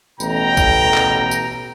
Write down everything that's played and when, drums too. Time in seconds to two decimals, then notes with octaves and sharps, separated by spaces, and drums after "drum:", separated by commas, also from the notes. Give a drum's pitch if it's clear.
0.20 A1 B2 G5 A#5, drum: tambourine
0.57 drum: kick A#1, tambourine
0.94 drum: clap
1.31 drum: tambourine